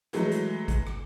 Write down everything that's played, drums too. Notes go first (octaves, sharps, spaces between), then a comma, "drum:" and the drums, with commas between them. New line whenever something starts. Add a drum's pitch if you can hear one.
E3 F#3 G#3 A3, drum: hi-hat
drum: hi-hat
drum: kick G#1, hi-hat
drum: rim click